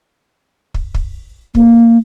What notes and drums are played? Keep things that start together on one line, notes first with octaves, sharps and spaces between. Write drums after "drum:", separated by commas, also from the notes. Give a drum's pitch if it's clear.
drum: kick
drum: kick
A#3, drum: kick